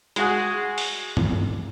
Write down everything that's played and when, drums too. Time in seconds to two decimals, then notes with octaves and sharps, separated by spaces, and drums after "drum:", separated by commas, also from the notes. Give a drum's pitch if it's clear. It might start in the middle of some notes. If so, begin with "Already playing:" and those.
0.16 G#3 F#4 G#4, drum: hi-hat
0.78 drum: open hi-hat
1.17 drum: tom